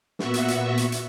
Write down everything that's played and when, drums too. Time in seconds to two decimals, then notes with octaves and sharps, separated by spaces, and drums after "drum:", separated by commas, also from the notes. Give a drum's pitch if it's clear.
0.19 A#2 B3 F#4 E5 C#6, drum: snare
0.34 drum: hi-hat
0.48 drum: hi-hat
0.77 drum: hi-hat
0.92 drum: hi-hat